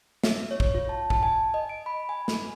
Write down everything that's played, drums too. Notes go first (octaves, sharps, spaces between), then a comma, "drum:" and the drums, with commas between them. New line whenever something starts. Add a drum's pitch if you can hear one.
E5, drum: snare
C#5
drum: kick
F4
A5
A5, drum: kick
G#5
D#5
D7
B5
G#5
drum: snare